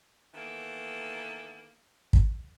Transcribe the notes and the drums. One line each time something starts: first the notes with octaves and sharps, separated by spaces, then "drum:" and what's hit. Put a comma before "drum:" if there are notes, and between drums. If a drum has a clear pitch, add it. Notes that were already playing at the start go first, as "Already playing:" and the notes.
D#3 E3 A#3 B3 A4
drum: kick